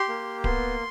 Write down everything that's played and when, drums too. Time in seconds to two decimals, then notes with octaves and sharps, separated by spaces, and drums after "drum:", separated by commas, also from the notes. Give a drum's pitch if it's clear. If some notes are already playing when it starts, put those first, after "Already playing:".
Already playing: G4 C6
0.09 A#3
0.44 B3 C6, drum: kick D1